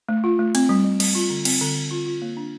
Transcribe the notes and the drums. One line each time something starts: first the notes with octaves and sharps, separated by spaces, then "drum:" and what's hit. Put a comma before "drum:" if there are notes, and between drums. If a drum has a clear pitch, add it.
A3
F4
A3
C4, drum: cymbal
G3
G3
G3, drum: cymbal
F4
D3
C4, drum: cymbal
D3
D3
F4
F4
A#3
D4